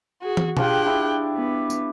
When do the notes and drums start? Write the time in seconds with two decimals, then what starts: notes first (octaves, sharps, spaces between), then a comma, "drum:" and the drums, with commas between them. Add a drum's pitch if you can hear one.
0.21 F#4 G#4
0.37 drum: tom
0.57 D4 F4 G4 G#4 G5 F#6, drum: tom B2
0.86 D4 E4
1.36 B3
1.70 drum: tambourine